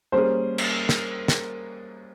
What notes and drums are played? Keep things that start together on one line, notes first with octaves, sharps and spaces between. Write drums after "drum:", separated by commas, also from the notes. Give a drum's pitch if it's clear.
G3 A#3 C#4 G#4 C5
drum: cymbal
drum: snare
drum: snare